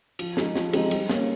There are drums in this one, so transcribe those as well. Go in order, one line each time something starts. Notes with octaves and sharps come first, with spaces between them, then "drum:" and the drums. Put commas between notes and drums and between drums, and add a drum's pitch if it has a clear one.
F3, drum: cymbal
G#3 D#4 G#4, drum: snare
F3, drum: snare
G#3 C4 D#4 G4, drum: cymbal
G3, drum: cymbal
A#3 C#4, drum: snare